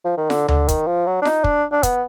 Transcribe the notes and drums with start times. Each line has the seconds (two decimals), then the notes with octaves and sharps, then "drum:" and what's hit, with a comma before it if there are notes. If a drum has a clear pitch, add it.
0.05 F3
0.17 D#3
0.30 D3, drum: snare F4
0.48 D3, drum: tom D2
0.68 D#3, drum: kick, hi-hat
0.87 F3
1.07 F#3
1.22 D4
1.25 D#4, drum: snare F4
1.44 D4, drum: kick
1.72 D4
1.83 B3, drum: kick, hi-hat